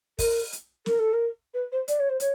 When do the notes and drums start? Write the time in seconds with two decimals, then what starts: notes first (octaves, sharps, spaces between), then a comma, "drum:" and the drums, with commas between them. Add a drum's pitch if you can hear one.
0.19 A#4, drum: kick, open hi-hat
0.53 drum: hi-hat
0.86 A#4, drum: snare
0.99 A4
1.13 A#4
1.54 B4
1.72 C5
1.88 D5, drum: hi-hat
1.99 C#5
2.09 C5
2.20 C#5, drum: hi-hat